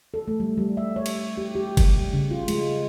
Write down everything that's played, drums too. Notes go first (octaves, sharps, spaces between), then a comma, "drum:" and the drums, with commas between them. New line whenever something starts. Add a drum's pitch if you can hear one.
A4
A3
G3
G3
E5
C#5
drum: cymbal
G4
G4
drum: kick F#1, cymbal
G3
C#3
F4
G#3, drum: cymbal